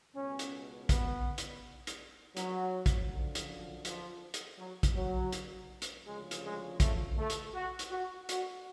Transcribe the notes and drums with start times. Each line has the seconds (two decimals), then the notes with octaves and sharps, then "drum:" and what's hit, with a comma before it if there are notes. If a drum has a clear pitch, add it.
0.15 C#2 B2 C#4
0.39 drum: hi-hat
0.89 B3, drum: kick, hi-hat
1.38 drum: hi-hat
1.87 drum: hi-hat
2.37 F#3, drum: hi-hat
2.86 drum: kick, hi-hat
3.11 F#2 D3 F3
3.35 drum: hi-hat
3.85 F3, drum: hi-hat
4.34 drum: hi-hat
4.59 F#3
4.83 drum: kick, hi-hat
4.96 F#3
5.32 drum: hi-hat
5.82 drum: hi-hat
6.06 D2 C#3 F3 G#3
6.31 drum: hi-hat
6.44 G#3
6.80 A3, drum: kick, hi-hat
7.17 A3
7.30 drum: hi-hat
7.54 F#4
7.79 drum: hi-hat
7.91 F#4
8.29 F#4, drum: hi-hat